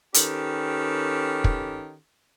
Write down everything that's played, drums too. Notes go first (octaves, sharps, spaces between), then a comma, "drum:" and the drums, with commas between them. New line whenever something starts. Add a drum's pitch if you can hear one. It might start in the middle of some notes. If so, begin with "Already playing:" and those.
D#3 C#4 G4 A4 B4, drum: hi-hat
drum: kick